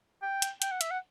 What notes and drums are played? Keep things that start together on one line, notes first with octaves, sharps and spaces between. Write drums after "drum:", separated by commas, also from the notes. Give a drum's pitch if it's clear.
G5
drum: hi-hat
G5, drum: hi-hat
F#5
E5, drum: hi-hat
F#5